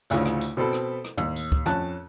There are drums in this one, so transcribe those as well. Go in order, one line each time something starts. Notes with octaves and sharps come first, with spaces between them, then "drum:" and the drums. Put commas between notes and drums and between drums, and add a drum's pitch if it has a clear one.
A1 D2 C#3 F4 C#5, drum: tambourine
drum: rim click
drum: tambourine
B2 C4 A4 B5
drum: rim click
drum: rim click
D#2, drum: tom
drum: tambourine
drum: kick
F2 C#4 A5 F#6, drum: rim click